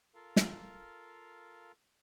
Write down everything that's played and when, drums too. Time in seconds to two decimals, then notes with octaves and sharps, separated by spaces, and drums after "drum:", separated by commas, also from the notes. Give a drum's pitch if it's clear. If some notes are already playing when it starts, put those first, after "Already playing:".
0.15 F4 A4 A#4 F5
0.36 drum: snare